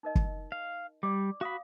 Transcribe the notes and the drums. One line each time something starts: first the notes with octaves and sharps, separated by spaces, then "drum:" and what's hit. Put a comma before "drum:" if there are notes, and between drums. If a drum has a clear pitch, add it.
D#4 A#4 D#5
drum: kick
F5
G3 D5 D6
F#4 F5 B5 D#6